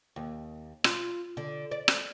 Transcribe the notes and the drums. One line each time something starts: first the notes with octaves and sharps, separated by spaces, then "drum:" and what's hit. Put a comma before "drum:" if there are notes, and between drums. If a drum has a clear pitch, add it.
D#2
F4, drum: rim click
D3
D5
drum: rim click